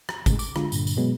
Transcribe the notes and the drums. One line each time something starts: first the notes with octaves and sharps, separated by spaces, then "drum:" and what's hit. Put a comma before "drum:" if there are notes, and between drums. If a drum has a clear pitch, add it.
A#5, drum: rim click
A2 C#3 G#3, drum: kick G#1, tambourine
D6, drum: tambourine
D3 G#3 F4, drum: rim click
G2 A#2 D3, drum: tambourine
drum: tambourine
B2 F#3 G#3 B3